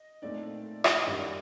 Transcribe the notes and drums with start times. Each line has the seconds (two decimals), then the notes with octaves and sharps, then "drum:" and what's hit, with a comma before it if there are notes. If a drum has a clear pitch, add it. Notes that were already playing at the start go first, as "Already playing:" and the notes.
Already playing: D#5
0.22 A#2 A3 C4 D#4 D5
0.84 drum: rim click
1.06 F#2 D#3 G3
1.20 D5